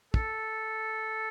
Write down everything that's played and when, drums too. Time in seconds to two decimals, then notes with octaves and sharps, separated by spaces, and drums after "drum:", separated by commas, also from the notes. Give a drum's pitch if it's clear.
0.14 A4, drum: kick